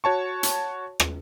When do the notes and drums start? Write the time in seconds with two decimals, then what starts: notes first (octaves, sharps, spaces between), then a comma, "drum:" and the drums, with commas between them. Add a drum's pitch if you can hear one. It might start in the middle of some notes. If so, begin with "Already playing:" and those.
0.04 F#4 C#5 A5 C#6
0.43 drum: hi-hat
1.00 drum: rim click